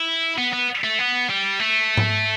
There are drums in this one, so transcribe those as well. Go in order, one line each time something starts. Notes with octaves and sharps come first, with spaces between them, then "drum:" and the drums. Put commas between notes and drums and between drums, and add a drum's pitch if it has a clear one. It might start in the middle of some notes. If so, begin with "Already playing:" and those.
Already playing: E4
B3
B3
A3
B3
G3
A3
drum: tom G#2